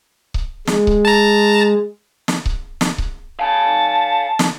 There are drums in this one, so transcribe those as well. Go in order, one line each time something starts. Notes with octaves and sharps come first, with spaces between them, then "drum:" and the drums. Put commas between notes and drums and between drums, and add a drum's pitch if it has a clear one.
drum: kick C#1
G#3, drum: snare
drum: kick C#1
A5 A#5
drum: snare
drum: kick C#1
drum: snare
drum: kick C#1
F5 G#5 A5
drum: snare